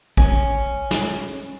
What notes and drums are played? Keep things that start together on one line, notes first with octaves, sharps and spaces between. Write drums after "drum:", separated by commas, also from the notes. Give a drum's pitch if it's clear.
C#4, drum: kick
drum: snare